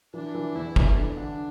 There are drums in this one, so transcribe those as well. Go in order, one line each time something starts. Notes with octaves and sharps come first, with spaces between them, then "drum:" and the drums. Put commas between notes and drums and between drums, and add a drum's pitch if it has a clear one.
E3 D4
E3
E2 E4
E3, drum: kick
D4 A4
D3